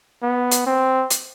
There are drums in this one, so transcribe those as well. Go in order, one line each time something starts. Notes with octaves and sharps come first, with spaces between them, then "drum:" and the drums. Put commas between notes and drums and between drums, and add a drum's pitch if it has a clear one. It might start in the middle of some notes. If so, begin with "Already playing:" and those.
B3
drum: hi-hat
C4
drum: hi-hat